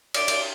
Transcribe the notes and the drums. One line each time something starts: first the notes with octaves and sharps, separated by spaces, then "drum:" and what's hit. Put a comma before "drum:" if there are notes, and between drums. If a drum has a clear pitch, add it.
D5, drum: cymbal
drum: cymbal